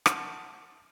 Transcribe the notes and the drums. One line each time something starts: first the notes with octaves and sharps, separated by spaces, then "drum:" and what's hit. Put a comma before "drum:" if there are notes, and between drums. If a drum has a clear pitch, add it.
E5 F#5 A5 C6 F6, drum: rim click